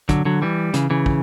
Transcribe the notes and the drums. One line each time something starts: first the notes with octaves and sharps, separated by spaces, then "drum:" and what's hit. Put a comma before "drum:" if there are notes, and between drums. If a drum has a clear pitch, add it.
D3 F#3, drum: kick, hi-hat
D3 F#3
E3 G3
C#3 E3, drum: hi-hat
C#3 E3
drum: kick